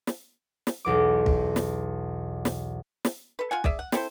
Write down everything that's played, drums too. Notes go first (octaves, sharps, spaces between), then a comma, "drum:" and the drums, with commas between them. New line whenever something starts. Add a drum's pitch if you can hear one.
drum: snare
drum: snare
B1 E2 D6
drum: kick
drum: snare
drum: snare
drum: snare
A4 B4
F4 F#5 G#5
G#4 D5 E5, drum: kick
F#5
C4 E4 A4 C5, drum: snare